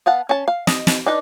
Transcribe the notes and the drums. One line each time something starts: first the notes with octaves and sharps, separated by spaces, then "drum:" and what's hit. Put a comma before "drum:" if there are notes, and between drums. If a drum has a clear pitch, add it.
B3 F5 F#5 A5
C#4 A5
F5
D#5, drum: snare
drum: snare
D4 D#4 B4